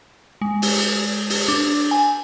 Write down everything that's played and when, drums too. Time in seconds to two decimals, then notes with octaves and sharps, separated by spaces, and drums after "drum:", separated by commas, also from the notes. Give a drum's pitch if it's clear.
0.41 G#3
0.62 drum: open hi-hat
1.30 drum: open hi-hat
1.48 D4
1.91 G#5